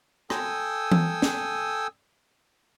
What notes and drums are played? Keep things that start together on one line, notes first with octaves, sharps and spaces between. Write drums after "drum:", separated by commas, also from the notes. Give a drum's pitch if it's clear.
A4 G5 G#5 D#6 E6, drum: rim click
drum: tom E3
drum: snare